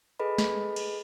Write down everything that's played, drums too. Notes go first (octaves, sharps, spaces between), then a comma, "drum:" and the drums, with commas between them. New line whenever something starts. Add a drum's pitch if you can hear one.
G#4 A4 B4 D#5 B5
drum: snare
drum: cymbal